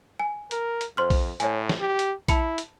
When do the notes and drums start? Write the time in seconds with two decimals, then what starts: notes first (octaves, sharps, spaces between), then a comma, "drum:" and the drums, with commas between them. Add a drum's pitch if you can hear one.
0.20 G#5
0.51 A#4, drum: hi-hat
0.81 drum: hi-hat
0.97 F2 C5 C6 F6
1.10 drum: kick A#1, open hi-hat
1.40 A2 C#5 G#5, drum: hi-hat
1.69 drum: snare
1.80 G4
1.99 drum: hi-hat
2.28 E4 A5 B5 C#7, drum: kick A#1, hi-hat
2.58 drum: hi-hat